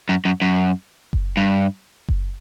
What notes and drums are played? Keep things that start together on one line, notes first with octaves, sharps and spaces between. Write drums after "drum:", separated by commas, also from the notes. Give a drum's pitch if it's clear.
F#2
F#2
F#2
drum: kick F#1
G2
drum: kick F#1